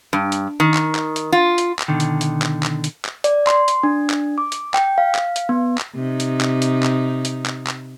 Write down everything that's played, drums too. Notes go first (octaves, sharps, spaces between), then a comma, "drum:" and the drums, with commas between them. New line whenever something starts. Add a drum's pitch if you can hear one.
G2
drum: hi-hat
D#3
drum: clap
drum: clap
drum: hi-hat
F4
drum: hi-hat
drum: clap
B2 D3 D#3
drum: hi-hat
drum: hi-hat
drum: clap
drum: clap
drum: hi-hat
drum: clap
D5, drum: hi-hat
C6, drum: clap
drum: hi-hat
D4
drum: clap
D6
drum: hi-hat
G5, drum: clap
F5
drum: clap
drum: hi-hat
B3
drum: clap
C3 D#4
drum: hi-hat
drum: clap
drum: hi-hat
drum: clap
drum: hi-hat
drum: clap
drum: clap